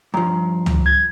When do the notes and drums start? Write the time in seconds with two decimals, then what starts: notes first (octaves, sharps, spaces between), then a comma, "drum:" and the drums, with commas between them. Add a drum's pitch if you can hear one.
0.14 G2 F3 A#5
0.66 drum: tom C#2
0.86 G#6